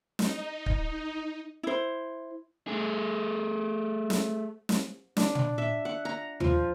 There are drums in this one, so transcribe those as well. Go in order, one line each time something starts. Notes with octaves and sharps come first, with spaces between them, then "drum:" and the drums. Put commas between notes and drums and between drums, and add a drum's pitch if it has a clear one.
D#4, drum: snare
drum: kick
E4 C5
A3 G#4
drum: snare
drum: snare
D4, drum: snare
drum: tom
E5
F#5
A#5
F3, drum: tom D#2